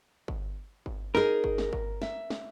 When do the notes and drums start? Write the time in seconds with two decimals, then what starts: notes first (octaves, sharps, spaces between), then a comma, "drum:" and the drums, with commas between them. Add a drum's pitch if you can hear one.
0.28 drum: kick G1
0.86 drum: kick G1
1.15 D#4 G#4 A#4, drum: snare
1.44 drum: kick G1
1.58 drum: snare
1.73 drum: kick G1
2.02 E5, drum: snare
2.30 drum: snare